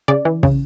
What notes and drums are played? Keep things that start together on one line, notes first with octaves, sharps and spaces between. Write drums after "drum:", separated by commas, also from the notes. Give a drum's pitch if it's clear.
C#3 D5
E3
C#3, drum: kick